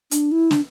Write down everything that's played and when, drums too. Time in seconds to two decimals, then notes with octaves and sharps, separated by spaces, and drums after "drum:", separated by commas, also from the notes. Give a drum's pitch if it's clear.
0.11 D4, drum: hi-hat
0.32 E4
0.51 D4, drum: snare